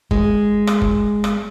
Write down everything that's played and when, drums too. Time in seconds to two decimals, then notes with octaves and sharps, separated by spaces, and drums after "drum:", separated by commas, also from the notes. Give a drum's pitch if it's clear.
0.11 G#3, drum: kick F#1
0.67 drum: rim click
0.81 drum: kick F#1
1.24 drum: rim click